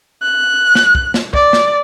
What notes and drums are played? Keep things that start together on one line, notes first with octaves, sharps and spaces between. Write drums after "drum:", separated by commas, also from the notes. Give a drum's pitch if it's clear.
F#6
drum: snare
drum: kick
drum: snare
D5, drum: kick
drum: snare